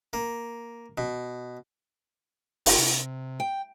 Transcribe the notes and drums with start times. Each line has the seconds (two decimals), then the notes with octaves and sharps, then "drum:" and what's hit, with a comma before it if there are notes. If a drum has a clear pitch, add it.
0.13 A#3
0.98 B2
2.66 F#1, drum: open hi-hat
2.79 C3
3.40 G5